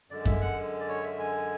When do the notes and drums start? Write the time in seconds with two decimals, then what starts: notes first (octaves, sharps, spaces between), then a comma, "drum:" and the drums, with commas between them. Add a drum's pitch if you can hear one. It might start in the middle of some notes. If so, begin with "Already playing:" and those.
0.10 F#2 D3 G#3 D5
0.25 E5, drum: kick F#2
0.41 F#5
0.80 D5
0.88 C#5
1.03 E5
1.19 G#5